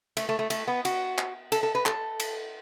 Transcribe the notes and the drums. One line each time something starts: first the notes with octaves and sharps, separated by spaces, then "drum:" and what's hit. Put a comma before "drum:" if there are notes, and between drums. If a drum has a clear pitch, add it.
A3, drum: cymbal
A3
A3
A3, drum: cymbal
B3
F#4, drum: cymbal
drum: clap
A4, drum: cymbal
A4
B4
A4, drum: clap
drum: cymbal